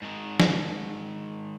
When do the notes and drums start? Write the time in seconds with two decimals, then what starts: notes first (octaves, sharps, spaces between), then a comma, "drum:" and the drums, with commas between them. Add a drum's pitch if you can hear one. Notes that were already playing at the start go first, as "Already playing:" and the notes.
0.02 G#2 D#3
0.40 drum: snare